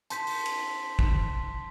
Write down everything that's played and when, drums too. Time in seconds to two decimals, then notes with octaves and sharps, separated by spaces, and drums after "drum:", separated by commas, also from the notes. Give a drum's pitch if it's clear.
0.10 A5 C6 G6 B6, drum: hi-hat
0.27 drum: open hi-hat
0.46 drum: cymbal
0.99 drum: kick